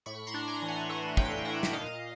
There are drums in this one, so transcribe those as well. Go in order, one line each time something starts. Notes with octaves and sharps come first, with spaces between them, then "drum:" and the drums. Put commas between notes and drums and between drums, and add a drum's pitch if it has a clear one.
A2 B5 C#6
A#5 C6
D4
G#5 A#5
E3
F#5 G#5
A3 E5 F#5
A2 F5 G5, drum: kick
D4 E5 F#5
drum: snare
A#2 D#5 F5